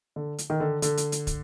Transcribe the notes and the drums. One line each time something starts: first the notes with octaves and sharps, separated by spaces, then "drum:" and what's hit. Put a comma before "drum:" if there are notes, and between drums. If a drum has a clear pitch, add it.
D3
drum: hi-hat
D#3
D3
D3, drum: hi-hat
drum: hi-hat
drum: hi-hat
drum: kick, hi-hat